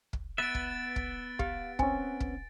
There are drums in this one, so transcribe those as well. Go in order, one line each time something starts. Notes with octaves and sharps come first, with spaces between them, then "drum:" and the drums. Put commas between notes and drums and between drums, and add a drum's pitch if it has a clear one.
drum: kick
B3 B4 E5 A6 D7
drum: kick
drum: kick
G4 F5, drum: kick
C4 C#4 G#5, drum: kick
drum: kick